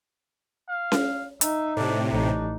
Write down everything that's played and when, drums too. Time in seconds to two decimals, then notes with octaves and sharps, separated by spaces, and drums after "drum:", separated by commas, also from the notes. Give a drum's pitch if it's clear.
0.69 F5
0.92 drum: snare C#4
1.41 D#4 E5, drum: hi-hat
1.77 A2 C3 D4
2.11 A1 D4 D#4